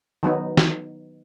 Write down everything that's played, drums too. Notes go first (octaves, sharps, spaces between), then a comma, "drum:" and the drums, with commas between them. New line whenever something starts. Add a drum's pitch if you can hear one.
D#3 F#3 B3 D#4
drum: snare